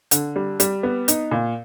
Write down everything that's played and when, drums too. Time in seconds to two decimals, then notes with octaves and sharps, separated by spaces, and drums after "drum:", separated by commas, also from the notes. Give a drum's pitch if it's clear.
0.11 D3, drum: hi-hat
0.36 G3
0.60 G3, drum: hi-hat
0.83 B3
1.08 D#4, drum: hi-hat
1.31 A#2